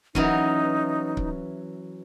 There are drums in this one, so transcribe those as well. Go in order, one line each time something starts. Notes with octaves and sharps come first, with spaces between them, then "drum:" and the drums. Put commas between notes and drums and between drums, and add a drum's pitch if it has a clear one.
E3 F#3 C#4 D#4, drum: kick C#1
drum: kick C#1